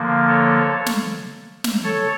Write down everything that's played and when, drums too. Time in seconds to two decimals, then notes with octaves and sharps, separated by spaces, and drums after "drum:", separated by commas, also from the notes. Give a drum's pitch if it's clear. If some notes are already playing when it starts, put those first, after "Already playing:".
Already playing: D3 F3 A#3
0.28 A4 C#5
0.86 drum: snare
1.64 drum: snare
1.83 A4 C#5